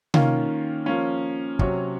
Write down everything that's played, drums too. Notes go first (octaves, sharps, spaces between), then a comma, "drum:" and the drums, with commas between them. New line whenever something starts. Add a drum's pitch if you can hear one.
D#3 A#3 C#4 F4, drum: tom C3
F3 A#3 C#4
C3 F#3 C#4 F#4 C#5, drum: kick